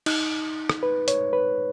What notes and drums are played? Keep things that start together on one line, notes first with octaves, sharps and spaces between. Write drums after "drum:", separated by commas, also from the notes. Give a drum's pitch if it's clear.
D#4, drum: cymbal
drum: rim click
B4
C#5, drum: hi-hat
B4